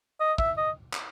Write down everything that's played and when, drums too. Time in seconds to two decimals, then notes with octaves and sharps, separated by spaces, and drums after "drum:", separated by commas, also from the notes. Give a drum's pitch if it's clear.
0.20 D#5
0.38 E5, drum: kick
0.57 D#5
0.93 drum: clap